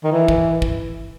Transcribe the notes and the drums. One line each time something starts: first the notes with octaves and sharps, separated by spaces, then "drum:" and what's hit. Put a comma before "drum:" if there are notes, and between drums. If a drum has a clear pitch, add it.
D#3
E3
drum: kick
drum: kick